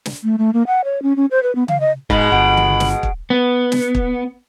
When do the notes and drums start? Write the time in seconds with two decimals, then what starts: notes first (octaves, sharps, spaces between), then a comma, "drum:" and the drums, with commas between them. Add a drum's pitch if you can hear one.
0.05 drum: snare
0.24 A3
0.38 A3
0.53 A#3
0.67 F#5
0.84 C#5
1.02 C#4
1.16 C#4
1.31 C5
1.43 B4
1.55 B3
1.68 F5, drum: tom C#3
1.80 D#5
2.10 G#2 B2 G#3 B5, drum: kick
2.32 G1 F#5 D7
2.57 drum: tom C#3
2.80 drum: snare
3.03 drum: kick
3.30 B3
3.72 drum: snare
3.95 drum: kick